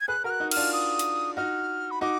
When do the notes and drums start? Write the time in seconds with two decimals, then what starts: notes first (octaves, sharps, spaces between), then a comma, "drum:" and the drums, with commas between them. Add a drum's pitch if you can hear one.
0.01 G#6
0.08 G#4 B4 F#6
0.24 F#4 A#4 F6
0.30 F#6
0.40 D#4 F#4
0.51 F6, drum: cymbal
0.57 D4 F4
0.73 D#6
0.99 drum: hi-hat
1.37 D#4 F#4 F6
1.91 B5
2.01 D#4 F#4 D6